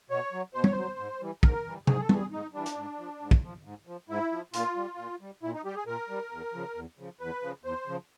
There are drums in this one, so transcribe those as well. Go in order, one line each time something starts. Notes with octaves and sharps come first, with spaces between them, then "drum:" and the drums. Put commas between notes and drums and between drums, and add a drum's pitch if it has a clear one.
B2 C#5
F#3
B2 C5
C#5, drum: tom
F#3 C5
G#2
E3 G3
G#2 A#4, drum: kick
E3 G3
G#2 G#4, drum: tom
A4
E3 G3 G#4, drum: tom
G#2 D#4
E3 G3 D4
drum: hi-hat
G#2
F3
G#2
drum: kick
F3
G#2
F3
G#2 E4
F3
A#2 F4, drum: hi-hat
G3
A#2
G3
A#2 E4
D#4
G3 G4
G#4
A#2 A#4
G3
E2
C#3 F3
E2
C#3 F3
E2 B4
C#3 F3
E2 C5
C#3 F3